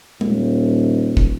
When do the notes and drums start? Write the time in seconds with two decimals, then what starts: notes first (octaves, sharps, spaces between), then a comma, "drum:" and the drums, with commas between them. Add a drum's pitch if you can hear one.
0.21 D#1, drum: tom
1.17 drum: kick